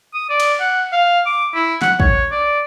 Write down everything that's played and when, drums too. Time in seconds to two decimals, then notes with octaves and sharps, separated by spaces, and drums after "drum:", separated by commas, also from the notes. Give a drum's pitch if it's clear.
0.14 D#6
0.30 D5
0.40 drum: cymbal
0.60 F#5
0.92 F5
1.26 D6
1.54 E4
1.82 F#5, drum: snare
2.00 C#5, drum: kick
2.31 D5